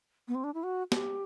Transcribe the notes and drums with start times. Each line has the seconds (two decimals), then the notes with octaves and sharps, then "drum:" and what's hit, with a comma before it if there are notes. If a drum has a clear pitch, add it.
0.28 B3
0.35 C4
0.44 D4
0.54 E4
0.63 F#4
0.92 G4, drum: snare